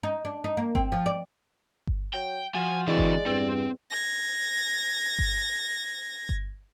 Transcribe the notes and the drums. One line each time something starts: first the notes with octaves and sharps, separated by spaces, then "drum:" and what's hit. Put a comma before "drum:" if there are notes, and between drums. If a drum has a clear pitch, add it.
D#4
D4
D#4
A#3
C4, drum: kick G1
F3
D5
drum: kick G1
F#3 G5
F3 F#4 G#5
D3 E3 G#3 C4 F#4 D5
drum: kick G1
E2 G2 C4
G#6 A#6
drum: kick G1
drum: kick G1